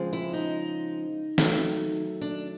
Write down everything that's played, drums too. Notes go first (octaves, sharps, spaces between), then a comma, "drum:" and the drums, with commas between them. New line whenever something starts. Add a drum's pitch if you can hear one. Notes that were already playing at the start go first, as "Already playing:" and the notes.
Already playing: C#3 F3 G#3 C4
E4
D#4
D#3 F#3 A3, drum: snare
D4